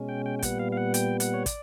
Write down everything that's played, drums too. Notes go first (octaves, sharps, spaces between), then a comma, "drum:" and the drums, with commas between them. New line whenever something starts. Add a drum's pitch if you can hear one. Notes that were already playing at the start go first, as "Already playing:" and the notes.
Already playing: B2 G#3 C#4
G5
G5
G5
A#2 G3 B3 F#5, drum: kick, hi-hat
F5
F5
F#5
G5, drum: hi-hat
F#5, drum: hi-hat
C#5
D5, drum: kick, hi-hat